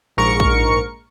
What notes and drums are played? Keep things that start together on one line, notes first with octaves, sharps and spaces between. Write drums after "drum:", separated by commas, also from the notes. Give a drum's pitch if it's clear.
A#1 G#2 A#4 C#6 C#7
drum: kick